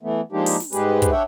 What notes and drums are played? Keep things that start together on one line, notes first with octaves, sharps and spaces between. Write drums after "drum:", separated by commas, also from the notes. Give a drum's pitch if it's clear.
E3 A3 B3
F3 G#3 A#3 D4 D#4 G4
drum: open hi-hat
drum: snare
G#2 G3 G#3 G4 G#4 B4, drum: hi-hat
drum: kick, hi-hat
D4 C#5 E5 F#5 G5